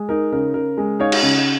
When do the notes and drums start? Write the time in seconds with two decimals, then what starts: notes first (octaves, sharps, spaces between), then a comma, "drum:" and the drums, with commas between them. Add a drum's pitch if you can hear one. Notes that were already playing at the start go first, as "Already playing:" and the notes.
Already playing: G#3
0.09 D#4 A#4
0.32 C#3 A#4
0.54 C#3 A#4
0.78 G#3
1.00 D#4 C#5 F5
1.12 drum: cymbal
1.23 C#3